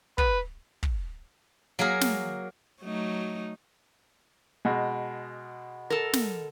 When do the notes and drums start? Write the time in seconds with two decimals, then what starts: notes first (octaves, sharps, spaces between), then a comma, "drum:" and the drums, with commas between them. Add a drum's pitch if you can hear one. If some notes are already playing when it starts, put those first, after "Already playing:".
0.18 B4, drum: kick
0.83 drum: kick
1.79 F#3 A#3 G#4 A#4
2.01 drum: snare
2.82 F#3 A3 D#4
4.65 B2 G#3
5.90 A4 A#4
6.13 drum: snare